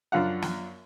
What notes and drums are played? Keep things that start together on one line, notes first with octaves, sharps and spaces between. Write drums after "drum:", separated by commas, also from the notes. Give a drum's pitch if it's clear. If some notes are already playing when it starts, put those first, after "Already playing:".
F#2 F3 D4 F4 F5 F#5
drum: snare